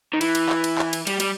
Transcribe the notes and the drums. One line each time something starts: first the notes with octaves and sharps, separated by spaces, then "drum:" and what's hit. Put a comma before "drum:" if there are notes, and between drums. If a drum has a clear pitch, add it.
D#3
E3, drum: cymbal
drum: cymbal
drum: clap
drum: cymbal
drum: clap
drum: cymbal
G3, drum: cymbal
G3, drum: cymbal